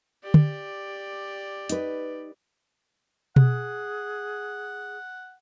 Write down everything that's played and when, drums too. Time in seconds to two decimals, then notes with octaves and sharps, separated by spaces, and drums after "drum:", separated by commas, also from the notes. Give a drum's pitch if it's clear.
0.23 G4 D5
0.34 drum: tom D3
1.69 D#4 B4, drum: hi-hat
3.36 G#4 F#5, drum: tom B2